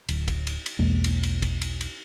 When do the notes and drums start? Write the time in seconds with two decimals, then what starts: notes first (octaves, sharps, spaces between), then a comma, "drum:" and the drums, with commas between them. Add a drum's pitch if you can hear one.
0.09 D1, drum: cymbal
0.28 drum: kick, cymbal
0.47 drum: cymbal
0.66 drum: cymbal
0.79 B1 E2 G#3 A#3
1.04 drum: cymbal
1.23 drum: cymbal
1.42 drum: kick, cymbal
1.61 drum: cymbal
1.81 drum: cymbal